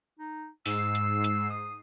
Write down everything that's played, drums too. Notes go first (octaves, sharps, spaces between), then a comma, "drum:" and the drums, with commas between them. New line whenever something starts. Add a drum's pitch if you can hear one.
D#4
G#2 E6 C7, drum: open hi-hat
drum: hi-hat
drum: hi-hat
D#6